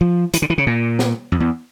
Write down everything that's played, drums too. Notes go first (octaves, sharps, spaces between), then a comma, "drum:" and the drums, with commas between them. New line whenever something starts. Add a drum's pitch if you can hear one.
F3
E3, drum: hi-hat
D3
E3
C#3
A#2
drum: snare
F2
E2